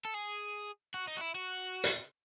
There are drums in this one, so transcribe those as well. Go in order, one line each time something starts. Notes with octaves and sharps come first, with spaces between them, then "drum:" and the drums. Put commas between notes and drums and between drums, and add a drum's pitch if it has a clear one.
A4
G#4
F#4
D#4
F#4
E4
F#4
drum: hi-hat